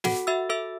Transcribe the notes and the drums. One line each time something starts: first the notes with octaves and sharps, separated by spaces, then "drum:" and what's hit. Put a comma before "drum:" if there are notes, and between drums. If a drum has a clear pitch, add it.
F#4 A4 F#5, drum: snare
F#4 E5 E6
A4 E5 E6